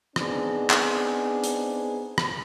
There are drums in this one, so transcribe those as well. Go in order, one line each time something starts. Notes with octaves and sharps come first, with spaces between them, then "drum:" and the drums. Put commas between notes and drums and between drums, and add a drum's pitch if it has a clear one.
B3 C4 D4 D#4 G#4, drum: rim click
drum: clap
drum: hi-hat
drum: rim click